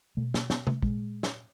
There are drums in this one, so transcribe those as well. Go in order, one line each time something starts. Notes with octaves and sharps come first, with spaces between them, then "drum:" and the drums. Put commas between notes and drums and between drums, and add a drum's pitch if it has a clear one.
B2 A3
A#3, drum: snare
B3, drum: snare
A3, drum: tom
A#2 G#3, drum: kick
drum: snare